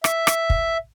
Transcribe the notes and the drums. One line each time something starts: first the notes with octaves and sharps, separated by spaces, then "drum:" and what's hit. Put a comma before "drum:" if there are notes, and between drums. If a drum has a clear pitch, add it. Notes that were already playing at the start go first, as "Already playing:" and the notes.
E5, drum: rim click
drum: rim click
drum: kick